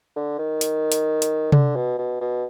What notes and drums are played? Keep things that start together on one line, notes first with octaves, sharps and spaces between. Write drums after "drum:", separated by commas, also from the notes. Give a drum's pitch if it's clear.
D3
D#3
drum: hi-hat
drum: hi-hat
drum: hi-hat
D3, drum: tom C3
B2
B2
B2